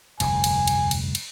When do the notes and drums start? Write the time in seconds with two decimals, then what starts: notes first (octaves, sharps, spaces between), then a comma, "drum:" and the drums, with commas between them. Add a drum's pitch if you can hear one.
0.20 F1 D2 G2 G#5, drum: cymbal
0.44 drum: cymbal
0.67 drum: cymbal
0.91 drum: cymbal
1.15 drum: cymbal